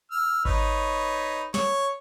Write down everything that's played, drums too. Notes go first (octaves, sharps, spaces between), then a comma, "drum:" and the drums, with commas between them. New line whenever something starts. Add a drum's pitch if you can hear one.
E6 F6
D#4 B4 C#5, drum: kick G#1
C#5, drum: snare